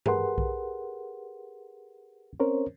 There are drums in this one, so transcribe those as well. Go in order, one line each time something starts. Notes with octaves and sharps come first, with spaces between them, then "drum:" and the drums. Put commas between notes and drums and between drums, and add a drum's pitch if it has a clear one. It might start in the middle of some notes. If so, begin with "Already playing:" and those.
G4 G#4 A#4 B4 F#5 C6, drum: tom G2
drum: kick B1
C4 C#4 A#4 C5 C#5